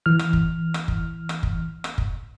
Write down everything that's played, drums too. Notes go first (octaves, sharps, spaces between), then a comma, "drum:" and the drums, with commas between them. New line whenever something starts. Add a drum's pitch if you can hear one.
E3 F6
drum: rim click
drum: kick
drum: rim click
drum: kick
drum: rim click
drum: kick
drum: rim click
drum: kick